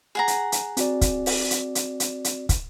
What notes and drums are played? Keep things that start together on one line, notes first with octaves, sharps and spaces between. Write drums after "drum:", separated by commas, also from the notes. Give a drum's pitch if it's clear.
G#4 F#5 A#5
drum: hi-hat
drum: hi-hat
C4 F#4 D5, drum: hi-hat
drum: kick, hi-hat
drum: open hi-hat
drum: hi-hat
drum: hi-hat
drum: hi-hat
drum: hi-hat
drum: kick, hi-hat